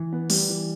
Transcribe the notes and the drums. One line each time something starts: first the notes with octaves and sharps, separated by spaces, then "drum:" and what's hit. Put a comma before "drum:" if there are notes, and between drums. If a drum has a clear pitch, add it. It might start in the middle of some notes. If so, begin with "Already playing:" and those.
Already playing: E3
B3
G3, drum: open hi-hat
E3